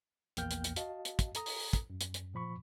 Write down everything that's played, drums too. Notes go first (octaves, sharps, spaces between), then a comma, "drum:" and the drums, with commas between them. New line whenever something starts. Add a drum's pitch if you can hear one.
A#1 E2 A#3 G5 F6 G6, drum: hi-hat
drum: hi-hat
drum: hi-hat
F#4 D#5 F5 A5, drum: hi-hat
drum: hi-hat
drum: kick, hi-hat
A4 A#5 D#6, drum: hi-hat
drum: open hi-hat
drum: open hi-hat
drum: kick, hi-hat
F#2
drum: hi-hat
drum: hi-hat
A#2 F3 B5 C#6